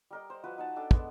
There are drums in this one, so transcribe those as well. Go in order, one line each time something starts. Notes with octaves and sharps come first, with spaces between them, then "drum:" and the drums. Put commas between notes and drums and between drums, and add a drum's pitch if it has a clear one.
G3 A#4 D#5
C5
F3 F#4 B4
D#4 F#5 A5
D4 A4 G5 D6
G#3 B3, drum: kick